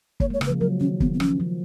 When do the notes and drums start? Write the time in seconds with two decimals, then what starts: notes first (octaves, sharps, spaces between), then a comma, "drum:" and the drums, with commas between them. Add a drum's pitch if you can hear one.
0.20 A#3 C#5, drum: kick
0.30 G#3 C#5
0.41 C#3, drum: rim click
0.46 B4
0.50 F3
0.60 F#3 A#4
0.80 D#3 C#4
1.00 D#3 B3, drum: kick
1.14 B3
1.20 F3 C#4, drum: rim click
1.40 F3